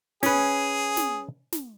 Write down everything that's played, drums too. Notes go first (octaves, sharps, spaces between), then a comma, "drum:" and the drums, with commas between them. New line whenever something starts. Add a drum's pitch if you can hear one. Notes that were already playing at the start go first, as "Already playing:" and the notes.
C#4 G#4 B4, drum: snare
drum: snare
drum: snare